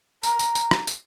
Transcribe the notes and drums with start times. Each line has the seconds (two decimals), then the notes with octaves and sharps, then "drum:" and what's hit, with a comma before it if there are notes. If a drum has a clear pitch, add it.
0.23 A#5, drum: tambourine
0.39 drum: tambourine
0.55 drum: tambourine
0.71 drum: rim click
0.87 drum: tambourine